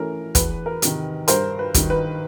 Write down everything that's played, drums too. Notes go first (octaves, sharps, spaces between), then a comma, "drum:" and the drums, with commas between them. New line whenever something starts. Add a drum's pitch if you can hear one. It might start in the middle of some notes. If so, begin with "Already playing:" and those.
Already playing: E3 A3 C#4 A#4
E2 B4, drum: kick, hi-hat
A#4
C3 D#3, drum: hi-hat
G2 A#4 C5, drum: hi-hat
B4
D#3 G3, drum: kick, hi-hat
B4